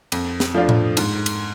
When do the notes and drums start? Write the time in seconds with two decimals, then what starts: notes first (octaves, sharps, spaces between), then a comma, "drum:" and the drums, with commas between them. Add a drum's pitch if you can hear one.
0.12 F2, drum: cymbal
0.40 drum: snare
0.54 F3 A3 D4 F4
0.69 drum: tom A2
0.97 G#2, drum: cymbal
1.26 drum: cymbal